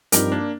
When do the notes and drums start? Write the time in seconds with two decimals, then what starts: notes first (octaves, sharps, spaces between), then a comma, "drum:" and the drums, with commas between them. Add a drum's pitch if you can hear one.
0.12 G2 F3 C4 D#4 G4 A#4, drum: hi-hat
0.32 A#3 D4